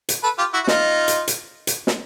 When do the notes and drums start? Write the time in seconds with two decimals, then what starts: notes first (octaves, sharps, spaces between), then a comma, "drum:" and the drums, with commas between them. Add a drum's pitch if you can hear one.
0.09 drum: hi-hat
0.23 A4 B4
0.38 F4 G4
0.53 E4 F#4
0.64 F#4
0.67 D#4 F4, drum: snare
1.08 drum: hi-hat
1.28 drum: hi-hat
1.67 drum: hi-hat
1.87 drum: snare